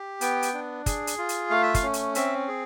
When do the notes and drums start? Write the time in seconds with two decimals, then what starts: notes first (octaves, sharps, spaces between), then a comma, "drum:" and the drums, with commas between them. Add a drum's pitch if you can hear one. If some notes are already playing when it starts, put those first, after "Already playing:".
Already playing: G4
0.21 B3 G5, drum: hi-hat
0.42 drum: hi-hat
0.54 D4
0.86 G#4, drum: kick, hi-hat
1.07 drum: hi-hat
1.18 F4
1.29 drum: hi-hat
1.50 A3 F5
1.63 E5
1.74 F5, drum: kick, hi-hat
1.82 C#4
1.93 drum: hi-hat
2.15 C4 E5, drum: hi-hat
2.48 G#4